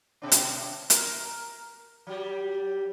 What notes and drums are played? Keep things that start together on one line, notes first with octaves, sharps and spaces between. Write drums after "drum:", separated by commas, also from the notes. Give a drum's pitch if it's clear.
B2 D4
drum: hi-hat
A#4, drum: hi-hat
F#3 G3